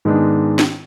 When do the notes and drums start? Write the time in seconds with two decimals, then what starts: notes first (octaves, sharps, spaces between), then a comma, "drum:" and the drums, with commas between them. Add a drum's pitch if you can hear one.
0.05 G#2 D#3 G#3 B3 D4
0.59 drum: snare